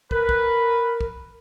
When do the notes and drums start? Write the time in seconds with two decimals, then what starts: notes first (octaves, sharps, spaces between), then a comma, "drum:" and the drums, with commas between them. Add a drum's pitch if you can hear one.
0.11 A#4 B4, drum: kick
0.29 drum: kick
1.01 drum: kick